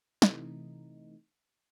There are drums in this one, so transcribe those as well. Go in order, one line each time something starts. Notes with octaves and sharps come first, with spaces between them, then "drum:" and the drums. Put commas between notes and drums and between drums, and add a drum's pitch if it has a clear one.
C3 E3 A3 D#4, drum: snare